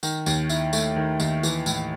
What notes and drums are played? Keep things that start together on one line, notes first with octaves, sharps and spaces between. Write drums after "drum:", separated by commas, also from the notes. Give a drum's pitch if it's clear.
D#3, drum: tambourine
D#2, drum: tambourine
E4, drum: tambourine
A3, drum: tambourine
D#3
D#2, drum: tambourine
E3, drum: tambourine
A2, drum: tambourine